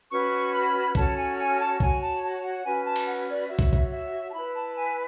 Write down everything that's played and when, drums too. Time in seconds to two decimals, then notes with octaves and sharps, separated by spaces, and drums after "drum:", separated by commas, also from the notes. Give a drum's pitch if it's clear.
0.10 C#4 F#4 B4 C#6
0.53 B5
0.95 C#4 F#4 A4 C#5 A5, drum: kick
1.16 G#5
1.38 G#5
1.59 A5
1.80 F#4 C#5 G#5, drum: kick
2.01 A5
2.22 A5
2.43 F#5
2.64 C#4 F#4 B4 G#5
2.85 A5
2.96 drum: cymbal
3.07 F#5
3.28 D5
3.49 F#4 C#5 E5
3.59 drum: kick
3.73 drum: kick
3.91 E5
4.28 A5
4.33 E4 B4 B5
4.54 A5
4.76 G#5